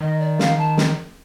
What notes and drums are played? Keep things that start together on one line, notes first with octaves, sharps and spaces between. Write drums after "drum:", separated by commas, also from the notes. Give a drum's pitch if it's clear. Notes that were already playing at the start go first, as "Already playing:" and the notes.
D#3 D#5
D5
F5, drum: snare
A5
drum: snare